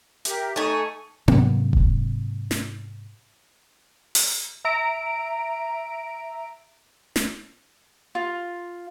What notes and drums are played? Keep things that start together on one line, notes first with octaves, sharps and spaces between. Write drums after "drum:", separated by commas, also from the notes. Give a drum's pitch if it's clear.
G4 A#4 E5, drum: hi-hat
A3 D#4 G#5 A5 C#6
G#2 C3 F#3 A#3, drum: tom B3
drum: kick F1
drum: snare
drum: open hi-hat
E5 A#5 D7
drum: snare
F4